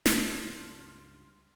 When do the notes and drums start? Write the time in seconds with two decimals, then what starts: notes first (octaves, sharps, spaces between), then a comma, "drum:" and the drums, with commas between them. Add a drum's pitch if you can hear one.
0.06 C#2 G2 F4 A5, drum: snare